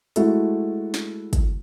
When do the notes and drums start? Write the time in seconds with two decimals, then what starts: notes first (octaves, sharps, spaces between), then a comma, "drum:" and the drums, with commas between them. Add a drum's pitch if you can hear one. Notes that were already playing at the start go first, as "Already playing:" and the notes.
0.16 G#3 A3 E4 F#4 A4, drum: hi-hat
0.94 drum: snare
1.33 drum: kick, hi-hat